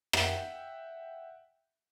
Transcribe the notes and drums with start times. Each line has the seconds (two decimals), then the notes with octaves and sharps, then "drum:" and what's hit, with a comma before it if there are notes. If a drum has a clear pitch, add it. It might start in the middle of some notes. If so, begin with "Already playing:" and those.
0.13 E5 F#5 G5, drum: rim click